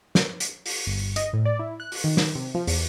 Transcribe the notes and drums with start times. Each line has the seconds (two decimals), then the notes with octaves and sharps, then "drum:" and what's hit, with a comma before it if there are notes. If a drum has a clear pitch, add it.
0.15 drum: snare
0.40 drum: hi-hat
0.66 drum: open hi-hat
0.87 G1
1.16 D#5, drum: hi-hat
1.33 A2
1.45 D5
1.59 E4
1.80 F#6
1.92 drum: open hi-hat
2.04 D#3
2.17 drum: snare
2.35 C3
2.55 F3
2.67 E2, drum: open hi-hat